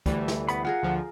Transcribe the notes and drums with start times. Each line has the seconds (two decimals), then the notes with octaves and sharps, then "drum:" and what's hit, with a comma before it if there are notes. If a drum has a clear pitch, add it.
0.06 D2 E3 G3 A3, drum: kick, hi-hat
0.28 drum: snare
0.49 B3 B5, drum: hi-hat
0.65 F4 G#4 A#4 F#5
0.83 D2 F3